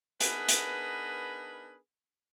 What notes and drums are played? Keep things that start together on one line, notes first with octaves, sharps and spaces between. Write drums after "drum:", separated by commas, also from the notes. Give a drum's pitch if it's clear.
B3 D4 D#4 G#4 A#4 B4, drum: hi-hat
drum: hi-hat